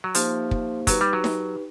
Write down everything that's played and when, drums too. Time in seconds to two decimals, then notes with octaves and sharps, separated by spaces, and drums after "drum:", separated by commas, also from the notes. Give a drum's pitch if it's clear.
0.04 F#3
0.14 F3 A#3 D#4 G4 C5 F5, drum: hi-hat
0.51 drum: kick
0.87 F#3 D#4 G4 B4, drum: kick, hi-hat
1.01 G3
1.13 F#3
1.24 drum: snare D#4